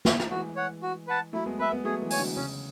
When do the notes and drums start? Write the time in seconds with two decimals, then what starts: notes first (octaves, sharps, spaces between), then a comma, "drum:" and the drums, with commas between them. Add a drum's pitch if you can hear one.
0.05 drum: snare
0.20 A3, drum: rim click
0.31 E3 G#3 F#4
0.56 C#5 F#5
0.82 F#4
1.08 B4 F#5 A5
1.33 F#3 A3 E4
1.46 G#3 B3
1.59 G#3 B3 B4 E5
1.71 G#3 B3
1.84 F#3 A3 G#4
2.01 E3 G#3
2.10 C#5 G#5, drum: open hi-hat
2.19 D3 F#3
2.36 C#3 C#4